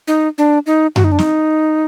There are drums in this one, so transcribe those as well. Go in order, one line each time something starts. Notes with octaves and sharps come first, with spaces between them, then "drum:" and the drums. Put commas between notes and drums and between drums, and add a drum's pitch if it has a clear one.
D#4
D4
D#4
F#4, drum: tom F#2
D#4
D4
D#4, drum: snare